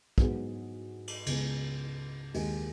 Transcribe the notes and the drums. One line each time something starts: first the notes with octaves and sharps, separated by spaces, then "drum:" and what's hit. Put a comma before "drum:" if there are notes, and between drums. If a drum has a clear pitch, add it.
G#2 F#3 B3 G#4, drum: kick
drum: cymbal
C#2 C#3 G#3 B3, drum: cymbal
D#2 D#3 G#3, drum: open hi-hat